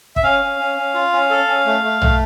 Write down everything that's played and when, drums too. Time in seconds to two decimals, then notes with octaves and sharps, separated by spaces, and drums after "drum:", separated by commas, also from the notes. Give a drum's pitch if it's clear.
0.16 E5, drum: kick
0.23 C#4 F5
0.42 C#4
0.59 C#4
0.77 C#4
0.94 F4
1.13 C#4
1.30 A4
1.48 C#4
1.65 A3
1.84 A3
2.02 A3, drum: tom B1